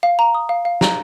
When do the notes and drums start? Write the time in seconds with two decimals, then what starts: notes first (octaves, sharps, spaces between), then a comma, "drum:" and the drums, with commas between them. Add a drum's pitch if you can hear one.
0.03 F5
0.19 A#5
0.34 D#6
0.49 F5
0.65 F5
0.81 A#5, drum: snare